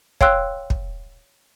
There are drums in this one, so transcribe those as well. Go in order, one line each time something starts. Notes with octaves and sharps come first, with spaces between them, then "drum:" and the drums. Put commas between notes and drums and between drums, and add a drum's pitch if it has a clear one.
C#5 F5 G5 C6 E6 F#6, drum: kick
drum: kick